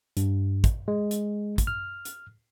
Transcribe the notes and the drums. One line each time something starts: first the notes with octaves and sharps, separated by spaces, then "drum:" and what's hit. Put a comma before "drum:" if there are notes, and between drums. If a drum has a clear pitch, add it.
G2, drum: hi-hat
drum: kick, hi-hat
G#3
drum: hi-hat
drum: kick, hi-hat
F6
drum: hi-hat